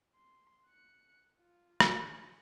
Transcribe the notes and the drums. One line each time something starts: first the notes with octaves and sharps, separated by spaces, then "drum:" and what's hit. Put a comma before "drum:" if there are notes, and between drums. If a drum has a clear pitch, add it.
C6
F#6 C#7
F4
drum: rim click
G#5 C#7